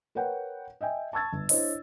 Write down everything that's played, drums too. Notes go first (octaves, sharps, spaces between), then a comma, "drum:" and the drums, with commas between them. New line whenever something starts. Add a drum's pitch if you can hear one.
A#4 B4 C#5 F#5 G5
D#5 E5 G5 G#5
A5 C#6 E6 G#6 A6
G1
D4 E4 C5 C#5 D#5, drum: open hi-hat